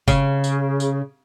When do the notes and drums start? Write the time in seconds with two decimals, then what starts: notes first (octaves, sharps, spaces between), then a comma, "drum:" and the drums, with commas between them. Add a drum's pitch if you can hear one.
0.08 C#3, drum: kick, tambourine
0.44 drum: tambourine
0.80 drum: tambourine